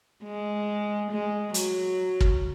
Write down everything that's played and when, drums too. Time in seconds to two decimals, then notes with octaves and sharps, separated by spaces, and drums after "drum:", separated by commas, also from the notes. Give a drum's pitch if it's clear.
0.24 G#3
1.11 G#3
1.54 F#3, drum: hi-hat
2.21 drum: kick